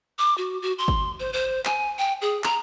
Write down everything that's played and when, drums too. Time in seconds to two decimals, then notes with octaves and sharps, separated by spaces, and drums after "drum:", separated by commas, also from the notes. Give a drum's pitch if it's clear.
0.19 D6
0.38 F#4
0.62 F#4
0.79 C6
0.88 drum: kick G#1
1.20 C5
1.33 C5
1.65 G#5, drum: clap
1.98 G5
2.21 G#4
2.44 A#5, drum: clap